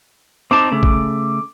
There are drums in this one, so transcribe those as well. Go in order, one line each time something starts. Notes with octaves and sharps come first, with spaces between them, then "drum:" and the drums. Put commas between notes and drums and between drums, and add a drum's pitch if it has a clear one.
C4 D#4 A5 D6
C#3 A3
drum: kick